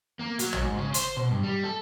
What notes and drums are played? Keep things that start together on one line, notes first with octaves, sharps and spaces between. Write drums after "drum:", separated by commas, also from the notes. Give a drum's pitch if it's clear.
A#3
F#3, drum: hi-hat
drum: tom
G#2
C#3
C5, drum: hi-hat
B2
G2
G3
A4